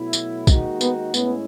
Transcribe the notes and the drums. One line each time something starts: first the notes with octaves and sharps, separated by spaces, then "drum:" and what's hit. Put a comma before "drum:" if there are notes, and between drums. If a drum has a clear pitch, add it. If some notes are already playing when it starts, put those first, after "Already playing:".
Already playing: B2 F#3 A3 E4
drum: tambourine
D#2 D#3 G#3 D#4 F#4, drum: kick, tambourine
B3, drum: tambourine
A2 G#3 B3 C#4 E4, drum: tambourine